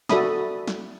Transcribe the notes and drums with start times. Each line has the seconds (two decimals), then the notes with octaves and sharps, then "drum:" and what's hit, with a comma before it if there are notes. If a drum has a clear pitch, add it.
0.09 F#4 A4 D5 E5 B5 D#6, drum: snare
0.67 drum: snare